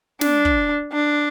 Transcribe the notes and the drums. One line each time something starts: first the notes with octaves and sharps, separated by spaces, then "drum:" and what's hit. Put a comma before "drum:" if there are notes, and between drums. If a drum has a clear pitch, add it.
D4, drum: snare
drum: kick
D4